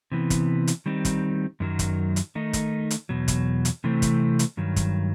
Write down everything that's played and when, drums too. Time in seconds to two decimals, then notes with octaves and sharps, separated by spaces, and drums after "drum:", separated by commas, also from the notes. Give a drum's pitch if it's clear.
0.12 C3 E3 B3
0.30 drum: kick, hi-hat
0.67 drum: hi-hat
0.86 D#3 G3 C4 D#4
1.05 drum: kick, hi-hat
1.60 F#2 D#3 F#3
1.79 drum: kick, hi-hat
2.16 drum: hi-hat
2.35 D#3 A3 D#4
2.53 drum: kick, hi-hat
2.91 drum: hi-hat
3.09 E2 B2 F#3
3.28 drum: kick, hi-hat
3.65 drum: hi-hat
3.84 C3 E3 A3 C4
4.02 drum: kick, hi-hat
4.39 drum: hi-hat
4.57 G2 D#3 F#3
4.76 drum: kick, hi-hat